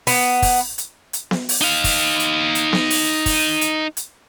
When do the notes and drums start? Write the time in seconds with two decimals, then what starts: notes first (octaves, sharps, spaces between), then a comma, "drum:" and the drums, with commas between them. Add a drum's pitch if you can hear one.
0.07 B3, drum: open hi-hat
0.42 drum: kick, open hi-hat
0.78 drum: hi-hat
1.13 drum: hi-hat
1.31 drum: snare B3
1.49 drum: open hi-hat
1.61 D#4 F5
1.84 drum: kick, open hi-hat
2.20 drum: hi-hat
2.55 drum: hi-hat
2.73 drum: snare B3
2.90 drum: open hi-hat
3.26 drum: kick, open hi-hat
3.61 drum: hi-hat
3.97 drum: hi-hat